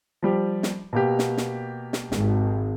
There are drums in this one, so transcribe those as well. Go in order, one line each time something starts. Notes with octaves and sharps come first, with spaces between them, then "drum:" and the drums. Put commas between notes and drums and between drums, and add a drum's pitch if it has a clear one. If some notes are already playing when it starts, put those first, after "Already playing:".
F3 G3 G4
drum: snare
B2 A#3 G4
drum: snare
drum: snare
drum: snare
G#1, drum: snare